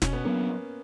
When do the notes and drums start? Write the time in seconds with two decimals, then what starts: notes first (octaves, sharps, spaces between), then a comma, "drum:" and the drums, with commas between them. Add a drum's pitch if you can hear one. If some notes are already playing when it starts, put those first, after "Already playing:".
0.02 B2 C#4, drum: snare
0.13 B3
0.25 F#3 A#3 B3 D4